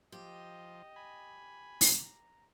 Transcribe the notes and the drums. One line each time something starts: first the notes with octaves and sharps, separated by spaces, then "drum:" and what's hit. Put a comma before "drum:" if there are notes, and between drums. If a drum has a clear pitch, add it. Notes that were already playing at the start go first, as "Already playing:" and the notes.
F3 G4 D#5
G#5 B5
A#5, drum: open hi-hat